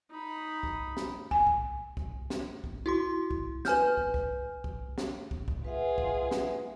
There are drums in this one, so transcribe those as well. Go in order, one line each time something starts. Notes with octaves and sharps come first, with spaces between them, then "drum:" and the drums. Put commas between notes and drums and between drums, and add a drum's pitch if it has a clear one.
D#4 B5
drum: kick
drum: snare
G#5, drum: kick
drum: kick
drum: kick
drum: snare
drum: kick
E4 F#4 C6
drum: kick
B4 G#5 F6 G6, drum: snare
drum: kick
drum: kick
drum: kick
drum: snare
drum: kick
drum: kick
F4 G#4 B4 E5 F#5
drum: kick
drum: snare